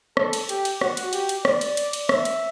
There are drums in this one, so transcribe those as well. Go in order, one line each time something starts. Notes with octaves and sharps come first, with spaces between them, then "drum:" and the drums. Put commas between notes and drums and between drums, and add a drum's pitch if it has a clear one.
A4, drum: rim click
drum: cymbal
G4, drum: cymbal
drum: cymbal
F#4, drum: rim click
drum: cymbal
G4, drum: cymbal
drum: cymbal
D5, drum: rim click
drum: cymbal
drum: cymbal
drum: cymbal
E5, drum: rim click
drum: cymbal